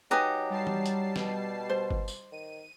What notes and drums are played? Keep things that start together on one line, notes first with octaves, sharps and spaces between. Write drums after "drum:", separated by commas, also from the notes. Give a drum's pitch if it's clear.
F#3 D#4 G4 B4 G#5 A#5
G3 A5 C7
drum: tom E3
drum: hi-hat
B2, drum: snare
C5
drum: kick G1
drum: tambourine
D#3 D#7